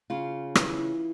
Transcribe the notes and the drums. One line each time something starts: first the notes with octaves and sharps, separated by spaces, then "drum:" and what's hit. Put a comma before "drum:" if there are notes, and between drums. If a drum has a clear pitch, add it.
C#3 F4
E3, drum: rim click